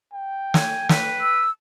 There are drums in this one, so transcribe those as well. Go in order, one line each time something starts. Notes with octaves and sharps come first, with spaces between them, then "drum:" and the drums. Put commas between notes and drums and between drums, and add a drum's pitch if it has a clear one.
G5
G#5, drum: snare
B4, drum: snare
E6